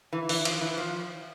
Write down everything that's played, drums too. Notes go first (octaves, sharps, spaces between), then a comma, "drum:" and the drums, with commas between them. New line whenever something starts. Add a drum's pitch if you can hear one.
E3
E3, drum: open hi-hat
F3, drum: cymbal
E3
F3